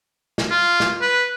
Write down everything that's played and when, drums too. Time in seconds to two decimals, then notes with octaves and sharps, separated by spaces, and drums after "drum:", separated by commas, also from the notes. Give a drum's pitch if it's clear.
0.38 drum: snare
0.50 F4
0.80 drum: snare
1.01 B4